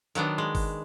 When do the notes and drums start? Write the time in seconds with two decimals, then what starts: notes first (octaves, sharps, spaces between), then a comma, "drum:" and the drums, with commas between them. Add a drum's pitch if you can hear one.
0.15 D#3 F#3 B3 D4, drum: hi-hat
0.38 G#3
0.55 drum: kick G1, open hi-hat